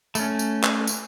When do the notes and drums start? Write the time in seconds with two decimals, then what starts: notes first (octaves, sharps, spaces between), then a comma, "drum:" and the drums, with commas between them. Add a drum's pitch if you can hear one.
0.15 A3 C#4, drum: tambourine
0.39 drum: tambourine
0.63 drum: clap
0.87 drum: tambourine